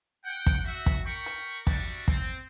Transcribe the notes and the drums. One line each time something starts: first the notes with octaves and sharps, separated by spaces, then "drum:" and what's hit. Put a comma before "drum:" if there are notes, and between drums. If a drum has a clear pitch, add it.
F#5 G5
drum: kick, hi-hat
F#4 E5
drum: kick, hi-hat
A#4 G5 B5 C#6
drum: hi-hat
G3 D4 F#4 D5 E5 C#6, drum: kick, hi-hat
C4, drum: kick, hi-hat